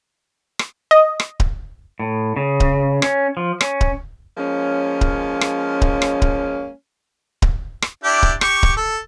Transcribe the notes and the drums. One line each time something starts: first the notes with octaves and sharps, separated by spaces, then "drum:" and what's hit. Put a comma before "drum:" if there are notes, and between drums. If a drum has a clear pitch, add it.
drum: rim click
D#5
drum: rim click
drum: kick D1
A2
C#3
drum: kick D1
C#4, drum: rim click
F3
C#4, drum: rim click
drum: kick D1
F3 G#3 A#3 C#4
drum: kick D1
drum: rim click
drum: kick D1
drum: rim click
drum: kick D1
drum: kick D1
drum: rim click
D4 E4 G4
drum: kick D1
G4 C#6, drum: rim click
drum: kick D1
A4